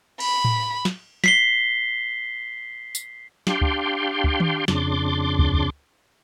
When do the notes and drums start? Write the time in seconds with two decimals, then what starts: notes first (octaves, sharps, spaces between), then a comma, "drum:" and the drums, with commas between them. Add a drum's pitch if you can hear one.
0.20 B5, drum: cymbal
0.45 drum: tom A2
0.85 drum: snare
1.24 B6 C7 G7, drum: snare
2.95 drum: tambourine
3.47 D4 G4 F5 G5 C6, drum: snare
3.61 drum: kick
4.24 drum: kick
4.40 drum: tom D#3
4.68 F2 C#3 D4 C6 D6, drum: snare
5.39 drum: kick
5.54 drum: kick